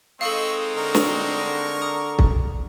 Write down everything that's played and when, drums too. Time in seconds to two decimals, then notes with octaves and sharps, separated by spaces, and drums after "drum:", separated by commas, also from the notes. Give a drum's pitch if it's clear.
0.21 G#3 C4 D#4 A4 D#5 F5 C#6 E6
0.76 D3 A#4 C#6
0.95 drum: snare
1.81 A#5 D#6
2.19 drum: kick